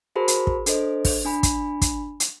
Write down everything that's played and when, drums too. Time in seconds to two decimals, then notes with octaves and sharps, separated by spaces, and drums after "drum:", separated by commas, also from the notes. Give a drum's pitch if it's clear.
0.16 F#4 G#4 A#4 C5 A5 B5
0.28 drum: hi-hat
0.47 drum: kick
0.66 D4 A4 C5 D#5, drum: hi-hat
1.05 drum: kick, open hi-hat
1.25 D4 G#5 B5
1.43 drum: kick, hi-hat
1.82 drum: kick, hi-hat
2.20 drum: hi-hat